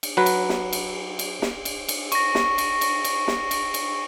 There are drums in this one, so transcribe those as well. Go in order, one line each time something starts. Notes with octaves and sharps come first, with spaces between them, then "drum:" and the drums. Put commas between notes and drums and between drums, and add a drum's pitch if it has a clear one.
drum: cymbal
F#3 B4
drum: cymbal
drum: snare
drum: cymbal
drum: cymbal
drum: snare
drum: cymbal
drum: cymbal
C#6 A#6, drum: cymbal
drum: snare
drum: cymbal
drum: cymbal
drum: cymbal
drum: snare
drum: cymbal
drum: cymbal